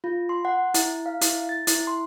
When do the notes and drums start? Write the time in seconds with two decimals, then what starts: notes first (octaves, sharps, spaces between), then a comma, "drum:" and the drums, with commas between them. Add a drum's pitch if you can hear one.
0.04 F4
0.29 C6
0.45 F#5
0.74 E4, drum: hi-hat
1.06 F5
1.21 E4, drum: hi-hat
1.49 A6
1.67 E4, drum: hi-hat
1.87 C6